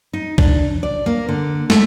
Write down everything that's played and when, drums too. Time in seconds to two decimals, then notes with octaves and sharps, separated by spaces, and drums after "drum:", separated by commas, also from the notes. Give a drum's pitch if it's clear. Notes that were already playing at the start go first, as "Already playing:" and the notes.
0.13 D#4
0.38 D4, drum: kick
0.83 D5
1.06 A#3
1.29 D3
1.70 A3, drum: snare